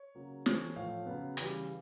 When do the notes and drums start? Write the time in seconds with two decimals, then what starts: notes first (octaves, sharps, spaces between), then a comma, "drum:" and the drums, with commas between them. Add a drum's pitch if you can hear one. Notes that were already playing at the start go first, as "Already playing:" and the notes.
Already playing: C#5
0.15 C#3 F#3 A#3
0.46 E3 A3 C4 C#5, drum: snare
0.76 A2 F3 A3 F5
1.06 C#3 F#3 B3
1.37 C#3 E3 G3, drum: hi-hat